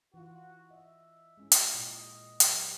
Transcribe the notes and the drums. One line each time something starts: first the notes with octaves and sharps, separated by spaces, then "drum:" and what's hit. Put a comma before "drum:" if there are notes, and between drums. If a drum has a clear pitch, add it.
E3 F4 F#4
D#5 E5
G#3 C#4 E4
drum: hi-hat
A#2 D#5 F#5
F#3 G4 B4, drum: hi-hat